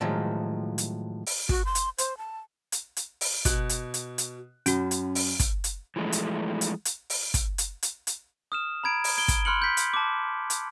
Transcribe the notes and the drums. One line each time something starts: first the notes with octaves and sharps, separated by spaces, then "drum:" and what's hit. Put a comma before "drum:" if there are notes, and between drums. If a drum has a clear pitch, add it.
A2 D#3 F3 F#3 G#3
drum: hi-hat
drum: open hi-hat
F#4, drum: kick
C6
drum: hi-hat
C5, drum: hi-hat
A5
drum: hi-hat
drum: hi-hat
drum: open hi-hat
B2 F#6, drum: kick, hi-hat
drum: hi-hat
drum: hi-hat
drum: hi-hat
F#2 C#4 F#4, drum: hi-hat
drum: hi-hat
drum: open hi-hat
drum: kick, hi-hat
drum: hi-hat
E3 F3 G#3 A3
drum: hi-hat
drum: hi-hat
drum: hi-hat
drum: open hi-hat
drum: kick, hi-hat
drum: hi-hat
drum: hi-hat
drum: hi-hat
D#6 F6 E7
A#5 B5 G#6 D7
drum: open hi-hat
G#6 D7 G7
drum: kick, hi-hat
B5 C6 F6 F#6 C#7 F#7
G6 B6
drum: hi-hat
A5 D6
drum: hi-hat